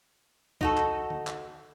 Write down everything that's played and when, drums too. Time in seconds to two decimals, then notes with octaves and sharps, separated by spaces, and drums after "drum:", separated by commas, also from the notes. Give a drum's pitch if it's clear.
0.61 D#4 F#4 A4, drum: kick C2
0.77 drum: clap
1.10 drum: tom D3
1.27 drum: clap